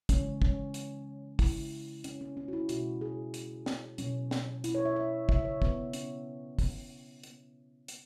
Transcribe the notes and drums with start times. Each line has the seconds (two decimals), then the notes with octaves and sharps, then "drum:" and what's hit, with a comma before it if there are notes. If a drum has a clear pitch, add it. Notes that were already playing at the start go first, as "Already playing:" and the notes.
0.09 C#3 E3 G#3 C#4, drum: kick, hi-hat
0.42 C#4, drum: kick
0.74 drum: hi-hat
1.39 C#3 G#3 E4, drum: kick, open hi-hat
2.04 C#4, drum: hi-hat
2.21 C#4
2.37 C#4
2.48 F#4
2.53 E4
2.69 B2 G#3 F#4, drum: hi-hat
3.01 G#4
3.34 drum: hi-hat
3.66 drum: snare
3.98 B2 F#3 C#4, drum: hi-hat
4.31 drum: snare
4.64 E4, drum: hi-hat
4.75 C#5
4.85 E5
4.96 E5
5.29 C#3 F#3 E5, drum: kick
5.45 C#5
5.62 B3, drum: kick
5.93 C#4, drum: hi-hat
6.59 drum: kick, open hi-hat
7.23 drum: hi-hat
7.88 drum: hi-hat